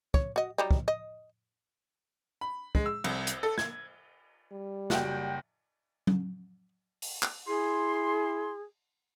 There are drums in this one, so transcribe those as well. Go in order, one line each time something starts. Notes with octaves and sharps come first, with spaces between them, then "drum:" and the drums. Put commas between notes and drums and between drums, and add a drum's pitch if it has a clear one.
C#5, drum: kick
F#4 D#5
F#3 G3 D#4
drum: kick
D#5
B5
G#3, drum: kick
E6
C2, drum: cymbal
drum: hi-hat
A4
G#6, drum: snare
G3
F#1 F#4 G5, drum: snare
drum: tom F#3
drum: open hi-hat
drum: clap
E4 G#4 C6